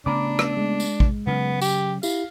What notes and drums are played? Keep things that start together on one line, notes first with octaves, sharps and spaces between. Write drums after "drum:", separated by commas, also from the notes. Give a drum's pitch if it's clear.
C#3 A3 B3 D4 A#5 B5 D6
drum: rim click
G#3
drum: tambourine
drum: kick A1
C#3 F#3 B3
G4, drum: tambourine
E4 G4 F5, drum: tambourine